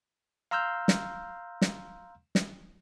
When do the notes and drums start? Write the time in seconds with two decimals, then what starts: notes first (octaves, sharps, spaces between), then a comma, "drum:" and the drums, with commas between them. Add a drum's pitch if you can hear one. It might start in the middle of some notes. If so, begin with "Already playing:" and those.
0.51 F5 A#5 C6 E6 F6 G6
0.88 drum: snare
1.62 drum: snare
2.35 drum: snare